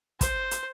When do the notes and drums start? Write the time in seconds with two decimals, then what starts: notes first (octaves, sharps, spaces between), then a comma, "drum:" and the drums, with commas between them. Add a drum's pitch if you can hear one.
0.21 C5, drum: kick, hi-hat
0.51 drum: hi-hat